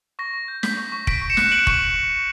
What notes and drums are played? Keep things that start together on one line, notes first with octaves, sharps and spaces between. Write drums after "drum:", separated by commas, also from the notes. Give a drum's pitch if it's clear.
C#6 A#6
C#6
G6
G6 B6, drum: snare
C#6
C#6
C#6 B6 D7, drum: kick
C#6
C#7 E7
F#6, drum: snare
E7
F#6 D7 F#7
C#6, drum: kick